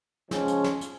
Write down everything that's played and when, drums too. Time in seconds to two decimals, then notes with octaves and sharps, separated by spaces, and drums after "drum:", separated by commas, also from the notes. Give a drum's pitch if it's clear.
0.31 C#3 F3 G#3 C#4, drum: snare
0.48 drum: hi-hat
0.64 drum: snare
0.81 drum: hi-hat